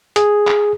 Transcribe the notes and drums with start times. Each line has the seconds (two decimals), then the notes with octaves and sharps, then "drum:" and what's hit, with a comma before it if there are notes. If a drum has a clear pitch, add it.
0.16 G#4, drum: hi-hat
0.47 drum: clap